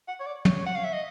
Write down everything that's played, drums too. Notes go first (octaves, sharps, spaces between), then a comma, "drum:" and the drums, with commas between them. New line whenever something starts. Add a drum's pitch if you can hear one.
F#5
C#5
D5
C#5, drum: tom
F#5
F5
E5
D#5